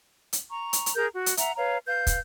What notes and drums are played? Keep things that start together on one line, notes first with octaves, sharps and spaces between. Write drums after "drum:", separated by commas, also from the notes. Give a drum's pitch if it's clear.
drum: hi-hat
A#5 C#6
drum: hi-hat
drum: hi-hat
G#4 A#4 A#5 G6
F#4
drum: hi-hat
E5 F#5 A#5, drum: hi-hat
B4 C#5 F5 A#5
B4 F5 G6
drum: kick, hi-hat